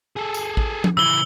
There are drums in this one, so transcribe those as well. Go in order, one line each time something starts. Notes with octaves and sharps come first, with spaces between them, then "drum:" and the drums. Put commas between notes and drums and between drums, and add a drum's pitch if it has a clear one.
G#4 A4
drum: tambourine
drum: kick A1
drum: tom F3
C#3 E3 E6 G7